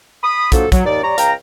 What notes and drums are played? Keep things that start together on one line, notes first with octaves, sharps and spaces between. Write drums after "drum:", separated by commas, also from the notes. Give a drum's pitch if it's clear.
B5 D#6
F3 F#3 A#3 D4 A4, drum: kick, hi-hat
F#3, drum: kick, hi-hat
D#2 D#4 D5
G3 C#5 D5 A#5
C#2 F5 G5 A#5, drum: hi-hat